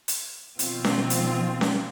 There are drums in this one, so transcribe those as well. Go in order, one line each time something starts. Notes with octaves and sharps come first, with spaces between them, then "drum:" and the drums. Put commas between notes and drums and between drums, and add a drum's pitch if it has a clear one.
drum: hi-hat
B2 D#3 F3 C4 F4, drum: hi-hat
drum: snare C#4
drum: hi-hat
drum: snare C#4